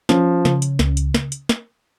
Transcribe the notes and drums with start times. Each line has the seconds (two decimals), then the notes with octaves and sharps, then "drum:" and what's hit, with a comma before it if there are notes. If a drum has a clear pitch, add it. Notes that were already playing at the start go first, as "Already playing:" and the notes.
0.09 F3 C#4, drum: snare
0.45 C#3, drum: snare
0.62 drum: hi-hat
0.79 C#2, drum: snare
0.97 drum: hi-hat
1.14 drum: snare
1.32 drum: hi-hat
1.49 drum: snare